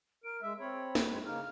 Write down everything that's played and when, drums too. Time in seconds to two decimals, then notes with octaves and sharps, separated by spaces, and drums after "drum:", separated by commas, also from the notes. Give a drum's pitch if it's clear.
0.24 A#4 D7
0.42 G#3 E5 E6
0.60 C4 C#5 B5
0.95 drum: snare
1.09 F#2 G#3 C4
1.25 C#3 A#3 D#4 F6